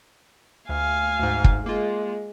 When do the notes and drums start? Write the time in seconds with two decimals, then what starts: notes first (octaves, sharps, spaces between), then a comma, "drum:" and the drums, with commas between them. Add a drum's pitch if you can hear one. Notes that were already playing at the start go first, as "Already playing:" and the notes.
0.69 D2 F5 G#5
1.19 D2 G#2
1.44 drum: kick
1.66 G#3 A#3 F4